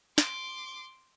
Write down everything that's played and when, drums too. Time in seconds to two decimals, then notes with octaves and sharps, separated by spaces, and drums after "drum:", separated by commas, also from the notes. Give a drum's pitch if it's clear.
0.18 C6 D6, drum: snare